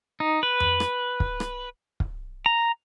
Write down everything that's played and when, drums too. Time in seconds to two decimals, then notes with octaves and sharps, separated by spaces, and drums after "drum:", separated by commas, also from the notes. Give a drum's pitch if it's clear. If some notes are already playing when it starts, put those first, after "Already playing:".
0.20 D#4
0.43 B4
0.60 drum: tom F2
0.80 drum: rim click
1.20 drum: kick
1.40 drum: rim click
2.00 drum: kick
2.46 A#5